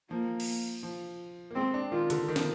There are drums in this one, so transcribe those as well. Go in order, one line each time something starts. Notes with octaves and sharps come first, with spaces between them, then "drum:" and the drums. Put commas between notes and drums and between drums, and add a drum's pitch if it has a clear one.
F3 A#3
drum: cymbal
F3
A#3
G#3 C4
D4
D#3 F4
D3, drum: hi-hat
D#3
F3, drum: snare